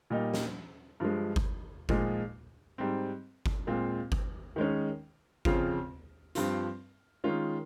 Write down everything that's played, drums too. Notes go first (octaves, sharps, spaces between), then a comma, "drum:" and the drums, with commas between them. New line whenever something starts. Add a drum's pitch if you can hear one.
A#2 G3 A#3 D#4
drum: snare
G2 F3 G#3
drum: kick G1
A#2 F3 G#3 D#4, drum: kick G1
G#2 G3 C4
drum: kick G1
A#2 G#3 C4 F4
drum: kick G1
D#3 G#3 C#4
F2 C#3 F3 C4 F4, drum: kick G1
G2 F3 C4 F4, drum: hi-hat
D#3 G#3 C#4 F4